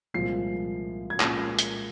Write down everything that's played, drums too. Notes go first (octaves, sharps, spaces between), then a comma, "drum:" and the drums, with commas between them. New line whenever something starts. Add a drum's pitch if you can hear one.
C2 A#2 F3 G#3 C7
G#6
A#2 G#3 C#4 F4 A#6, drum: clap
drum: hi-hat